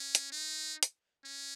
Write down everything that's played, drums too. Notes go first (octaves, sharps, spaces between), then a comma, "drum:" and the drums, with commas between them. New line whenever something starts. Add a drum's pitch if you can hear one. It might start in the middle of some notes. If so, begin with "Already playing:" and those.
Already playing: C#4
drum: hi-hat
D#4
drum: hi-hat
C#4